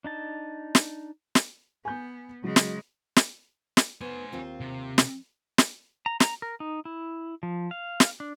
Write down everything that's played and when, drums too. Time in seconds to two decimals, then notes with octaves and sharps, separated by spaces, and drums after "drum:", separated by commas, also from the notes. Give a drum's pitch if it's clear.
0.04 D4 D#4 A5
0.75 drum: snare
1.35 drum: snare
1.85 B3 G#5 G6
2.44 C#3 F#3 G#3
2.56 drum: snare
3.16 drum: snare
3.77 drum: snare
4.01 B3 C5 G#5
4.33 D#2 C4 F4
4.60 C3
4.98 drum: snare
5.58 drum: snare
6.06 A#5
6.20 A#5, drum: snare
6.42 A#4
6.60 D#4
6.85 E4
7.43 F3
7.71 F5
8.00 drum: snare
8.20 D4